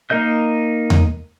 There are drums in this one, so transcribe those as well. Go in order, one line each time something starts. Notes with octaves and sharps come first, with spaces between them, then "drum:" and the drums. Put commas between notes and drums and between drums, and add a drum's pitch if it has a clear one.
A#3 D#4 A#4 D#5 G6
drum: tom E2